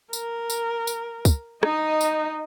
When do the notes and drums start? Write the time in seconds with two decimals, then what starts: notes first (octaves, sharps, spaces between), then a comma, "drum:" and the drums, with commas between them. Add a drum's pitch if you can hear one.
0.13 A#4, drum: tambourine
0.50 drum: tambourine
0.87 drum: tambourine
1.25 drum: kick, tambourine
1.63 D#4 D#5, drum: rim click
2.01 drum: tambourine